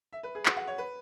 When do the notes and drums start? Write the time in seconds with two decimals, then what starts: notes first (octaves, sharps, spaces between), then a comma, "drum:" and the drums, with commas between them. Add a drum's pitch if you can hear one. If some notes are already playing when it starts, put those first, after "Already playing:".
0.13 E5
0.23 B4
0.35 G#4
0.46 F#4, drum: clap
0.57 F#5
0.67 C#5
0.78 B4